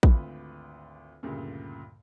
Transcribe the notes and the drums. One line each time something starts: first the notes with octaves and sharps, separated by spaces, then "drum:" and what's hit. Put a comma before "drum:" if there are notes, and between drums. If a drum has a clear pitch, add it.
G#1 D2 F4 B4 B5, drum: kick
D2 G2 A#2 C#3